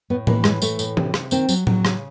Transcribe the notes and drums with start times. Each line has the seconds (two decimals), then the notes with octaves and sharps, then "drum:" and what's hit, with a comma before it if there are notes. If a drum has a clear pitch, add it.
0.10 A2 B3
0.27 E3 A#3, drum: tom A2
0.44 A2 G#3, drum: rim click
0.62 E3 A3, drum: tambourine
0.79 A2, drum: tambourine
0.97 C3, drum: tom E3
1.14 C3, drum: rim click
1.31 D#3 C4, drum: tambourine
1.49 F#3, drum: tambourine
1.67 F#3, drum: tom A2
1.85 C#3, drum: rim click